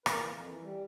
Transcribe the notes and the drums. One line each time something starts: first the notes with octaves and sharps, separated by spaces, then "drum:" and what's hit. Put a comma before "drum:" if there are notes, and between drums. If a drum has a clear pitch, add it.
B4, drum: rim click
E3 A#3 A#4
F2
E3
G3